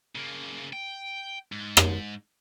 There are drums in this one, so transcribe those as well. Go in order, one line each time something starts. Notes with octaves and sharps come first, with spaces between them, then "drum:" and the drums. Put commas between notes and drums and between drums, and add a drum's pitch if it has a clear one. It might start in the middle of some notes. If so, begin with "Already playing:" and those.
C#3 A#3
G5
G#2
drum: rim click